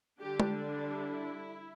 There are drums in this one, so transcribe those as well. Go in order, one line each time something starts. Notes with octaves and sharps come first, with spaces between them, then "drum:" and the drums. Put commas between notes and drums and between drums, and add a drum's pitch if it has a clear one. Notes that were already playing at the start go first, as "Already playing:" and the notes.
D3 G3 D4 G4
drum: tom G#3
E4